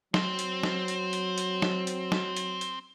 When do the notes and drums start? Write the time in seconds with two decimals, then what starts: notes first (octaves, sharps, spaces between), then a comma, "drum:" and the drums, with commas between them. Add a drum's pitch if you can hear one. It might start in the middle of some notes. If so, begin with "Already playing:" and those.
0.14 F#3 C4, drum: snare F#3
0.39 drum: hi-hat
0.63 drum: snare F#3
0.88 drum: hi-hat
1.13 drum: hi-hat
1.38 drum: hi-hat
1.62 drum: snare F#3
1.87 drum: hi-hat
2.12 drum: snare F#3
2.37 drum: hi-hat
2.61 drum: hi-hat